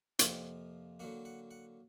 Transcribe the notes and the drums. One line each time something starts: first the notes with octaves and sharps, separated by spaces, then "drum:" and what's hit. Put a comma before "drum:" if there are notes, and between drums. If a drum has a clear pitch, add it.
F2 C3 F3 A#3, drum: hi-hat
D3 F#3 A#3 F#5
F#5
F#5